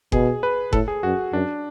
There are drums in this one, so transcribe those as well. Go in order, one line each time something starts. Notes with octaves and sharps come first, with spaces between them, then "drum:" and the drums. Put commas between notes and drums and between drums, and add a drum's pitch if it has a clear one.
B2 G#4, drum: kick F#1
B4
A2 A4, drum: kick F#1
G#4
F#2 F#4
F#2 D4